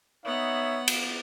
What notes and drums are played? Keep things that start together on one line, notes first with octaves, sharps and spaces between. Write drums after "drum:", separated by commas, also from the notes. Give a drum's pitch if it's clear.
B3 D#4 C#5 E5 F#5
drum: cymbal